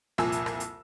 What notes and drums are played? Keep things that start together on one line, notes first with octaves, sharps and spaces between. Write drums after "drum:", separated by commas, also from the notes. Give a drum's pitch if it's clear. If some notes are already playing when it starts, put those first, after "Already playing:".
C2 F2 A#2 F3 G#5 E6, drum: rim click
drum: hi-hat
drum: rim click
drum: hi-hat